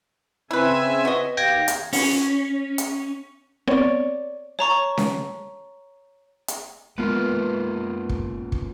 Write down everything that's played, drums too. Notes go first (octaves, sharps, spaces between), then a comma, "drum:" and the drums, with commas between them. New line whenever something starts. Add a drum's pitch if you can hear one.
C#3 C4 E4 B4 E5 G#5
B3 F#4 D#5
D#2 G4 F5 G5 G#6 A#6
drum: hi-hat
C#4, drum: open hi-hat
drum: hi-hat
B3 C4 C#5 D5
C#5 A5 A#5 C#6
drum: snare C#4
drum: hi-hat
F#2 G#3 A#3 B3 F4 A#4 B4
drum: kick
drum: kick